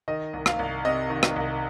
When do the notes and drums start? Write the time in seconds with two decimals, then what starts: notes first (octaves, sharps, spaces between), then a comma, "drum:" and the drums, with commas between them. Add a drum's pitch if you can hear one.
0.08 D#3 D#5
0.33 C2
0.46 F5, drum: rim click
0.59 C2
0.84 C3 D#5
1.10 D#3
1.23 drum: rim click
1.36 C2